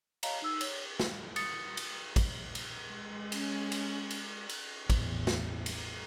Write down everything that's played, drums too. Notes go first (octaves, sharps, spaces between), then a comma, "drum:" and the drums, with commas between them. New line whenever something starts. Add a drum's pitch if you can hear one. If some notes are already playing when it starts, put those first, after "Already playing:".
C#5 D#5 F5 A5 A#5, drum: cymbal
D#4 E6
C#5, drum: cymbal
drum: snare
D#6 A6 C#7, drum: cymbal
drum: cymbal
drum: kick, cymbal
drum: cymbal
G#3
C#4, drum: cymbal
drum: cymbal
drum: cymbal
drum: cymbal
A1 E2, drum: kick, cymbal
drum: snare
drum: cymbal